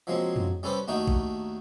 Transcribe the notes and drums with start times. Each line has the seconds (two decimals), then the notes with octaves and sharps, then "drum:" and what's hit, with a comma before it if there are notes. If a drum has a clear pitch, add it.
0.07 F3 F#3 G#3 A#3 C4
0.36 drum: tom F2
0.63 G3 C#4 A4 B4 C5 D6
0.88 D#2 A3 D4 D#4 F#4 G5
1.08 drum: kick A1